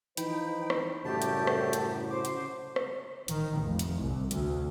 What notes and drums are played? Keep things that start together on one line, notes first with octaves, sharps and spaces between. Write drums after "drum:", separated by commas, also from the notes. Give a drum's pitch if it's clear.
E3 F3 D#4 B4 G5 B5, drum: hi-hat
drum: rim click
F#2 A2 C#3 G3 A3 F#4 G4 A5
drum: hi-hat
drum: rim click
drum: hi-hat
C5 D6
drum: hi-hat
drum: rim click
D#3, drum: hi-hat
F1
drum: hi-hat
C2
D2, drum: hi-hat